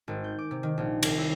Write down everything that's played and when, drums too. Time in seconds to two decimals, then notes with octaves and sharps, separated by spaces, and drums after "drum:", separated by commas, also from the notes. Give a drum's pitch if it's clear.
0.08 G#1
0.24 G6
0.39 D6
0.51 C3
0.63 D#3
0.78 A#1
1.03 C2, drum: cymbal
1.18 E4